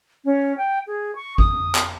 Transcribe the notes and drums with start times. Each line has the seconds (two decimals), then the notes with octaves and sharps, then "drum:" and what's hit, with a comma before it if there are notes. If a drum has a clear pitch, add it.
0.25 C#4
0.57 G5
0.87 G#4
1.16 C#6
1.38 D#6, drum: kick G#1
1.75 drum: clap